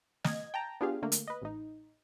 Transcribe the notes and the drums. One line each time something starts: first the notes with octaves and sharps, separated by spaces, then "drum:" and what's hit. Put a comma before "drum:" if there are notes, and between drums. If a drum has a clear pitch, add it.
D#5 G#6, drum: snare
G5 A5 A#5
B3 D4 F4 G4 G#4 F5
D3 A3 A#3
drum: hi-hat
B4 D#5
A1 D#4